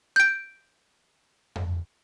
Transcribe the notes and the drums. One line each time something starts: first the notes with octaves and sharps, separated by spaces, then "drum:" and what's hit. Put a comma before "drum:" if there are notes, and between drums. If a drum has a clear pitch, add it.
G6 D7
drum: tom F2